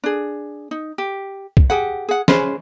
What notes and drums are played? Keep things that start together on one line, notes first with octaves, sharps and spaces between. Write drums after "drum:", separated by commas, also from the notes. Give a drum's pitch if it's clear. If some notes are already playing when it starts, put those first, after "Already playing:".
D4 G#4
D#4
G4
drum: kick
G4 G#4 F#5
G#4 F#5
C#4 G#4 B4 C5, drum: snare